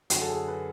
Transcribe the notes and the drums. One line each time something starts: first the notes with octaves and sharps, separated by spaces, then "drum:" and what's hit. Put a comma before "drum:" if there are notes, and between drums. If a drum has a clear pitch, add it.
F#2 D3 F#3 F#4, drum: hi-hat
A4
G#4
B4